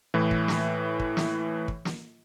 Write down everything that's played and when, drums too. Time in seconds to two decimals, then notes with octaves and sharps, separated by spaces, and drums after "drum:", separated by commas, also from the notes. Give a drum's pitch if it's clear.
0.14 A2 E3
0.31 drum: kick
0.48 drum: snare
1.00 drum: kick
1.17 drum: snare
1.68 drum: kick
1.85 drum: snare